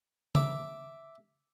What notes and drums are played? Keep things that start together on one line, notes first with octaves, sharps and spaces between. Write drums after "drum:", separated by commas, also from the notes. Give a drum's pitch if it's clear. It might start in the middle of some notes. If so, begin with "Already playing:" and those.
E5 D6, drum: tom